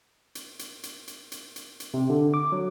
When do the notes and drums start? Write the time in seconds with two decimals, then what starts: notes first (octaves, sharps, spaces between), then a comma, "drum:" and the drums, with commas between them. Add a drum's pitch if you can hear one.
0.35 drum: hi-hat
0.59 drum: hi-hat
0.83 drum: hi-hat
1.08 drum: hi-hat
1.32 drum: hi-hat
1.56 drum: hi-hat
1.80 drum: hi-hat
1.94 C3
2.10 D3
2.34 D6
2.52 F#3